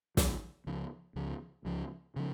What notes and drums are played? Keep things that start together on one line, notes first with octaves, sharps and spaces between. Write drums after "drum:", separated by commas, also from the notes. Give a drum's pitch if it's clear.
C#2 C#3 F3, drum: snare
C#2 C#3 F3
C#2 C#3 F3
C#2 C#3 F3
C#3 F3